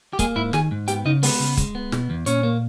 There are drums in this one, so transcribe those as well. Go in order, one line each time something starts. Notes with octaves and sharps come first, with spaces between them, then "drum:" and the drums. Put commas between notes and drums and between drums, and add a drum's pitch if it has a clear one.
G4
G#3 A#3 G#4, drum: kick, hi-hat
G#2 E4 E5
D#3 G#4 G#5, drum: snare
G#2
B3 G4 G5, drum: hi-hat
C#3 D#4 D#5
G#3 B3 B4, drum: open hi-hat
C#3
G#3, drum: kick, hi-hat
B3
B2, drum: snare
E2
A#2 C#4 C#5, drum: hi-hat
A#3